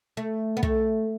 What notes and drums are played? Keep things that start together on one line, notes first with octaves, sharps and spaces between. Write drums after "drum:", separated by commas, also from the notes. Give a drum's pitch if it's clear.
A3
B3
A3, drum: kick